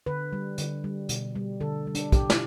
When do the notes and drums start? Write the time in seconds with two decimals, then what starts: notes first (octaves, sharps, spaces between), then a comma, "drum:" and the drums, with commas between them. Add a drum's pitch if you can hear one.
0.06 D3 B4
0.33 G3
0.58 D3, drum: hi-hat
0.84 G3
1.09 B2, drum: hi-hat
1.35 G3
1.60 D3 A4
1.87 G3
1.95 D4, drum: hi-hat
2.12 B2 G4, drum: kick, hi-hat
2.30 drum: snare